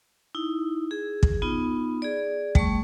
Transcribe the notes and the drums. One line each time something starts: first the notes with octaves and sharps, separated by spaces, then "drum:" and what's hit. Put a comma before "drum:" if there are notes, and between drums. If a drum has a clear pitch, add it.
D#4 E4
G#4
drum: kick
B3 D#4 F4
G#4 D5
G3 A3 C#6, drum: kick